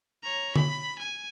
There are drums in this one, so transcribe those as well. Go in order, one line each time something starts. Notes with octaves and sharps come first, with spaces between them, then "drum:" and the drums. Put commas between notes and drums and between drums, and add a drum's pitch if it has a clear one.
C#5 A#5
B5, drum: tom D3
G#5